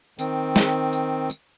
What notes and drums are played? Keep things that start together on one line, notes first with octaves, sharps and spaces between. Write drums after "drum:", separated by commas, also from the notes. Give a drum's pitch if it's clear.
D#3 C4, drum: tambourine
drum: snare
drum: tambourine
drum: tambourine